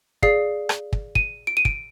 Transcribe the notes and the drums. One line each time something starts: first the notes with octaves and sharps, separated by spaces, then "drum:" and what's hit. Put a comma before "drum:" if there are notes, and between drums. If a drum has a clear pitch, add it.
G#4 D5 F5 C7, drum: kick
drum: rim click
drum: kick
D#7, drum: kick
D7
D#7
D7, drum: kick